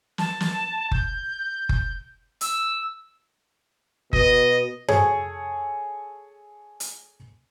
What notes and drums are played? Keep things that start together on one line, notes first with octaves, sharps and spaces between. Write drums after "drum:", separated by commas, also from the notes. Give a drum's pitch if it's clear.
A5, drum: snare
drum: snare
G6, drum: kick F#1
drum: kick F#1
E6, drum: hi-hat
B2 D#5, drum: kick F#1
G#4 A4 C#5, drum: tom F#2
drum: hi-hat